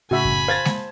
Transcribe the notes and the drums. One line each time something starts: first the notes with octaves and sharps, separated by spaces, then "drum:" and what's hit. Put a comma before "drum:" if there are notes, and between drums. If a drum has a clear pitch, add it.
A2 C#3 F#4 E5 G#5 B5
drum: kick F#2
C5 F5 A5 G#6 A6
drum: snare G#3